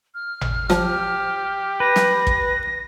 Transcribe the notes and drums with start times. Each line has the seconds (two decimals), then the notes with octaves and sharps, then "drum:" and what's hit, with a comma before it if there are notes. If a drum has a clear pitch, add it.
0.15 F6
0.41 drum: tom G#1
0.70 F3 G4, drum: snare
1.80 B4 A#6
1.96 drum: snare
2.27 drum: kick